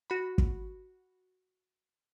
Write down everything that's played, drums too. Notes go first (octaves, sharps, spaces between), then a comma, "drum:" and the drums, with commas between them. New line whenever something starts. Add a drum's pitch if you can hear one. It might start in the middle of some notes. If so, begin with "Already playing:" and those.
F#4 B5
drum: kick